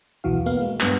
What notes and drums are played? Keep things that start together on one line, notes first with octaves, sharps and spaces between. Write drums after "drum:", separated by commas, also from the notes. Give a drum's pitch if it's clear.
B1 E2 E3 F#4 F5
A#3 B3 F5
G#3
G2 B3 D#6 A#6, drum: clap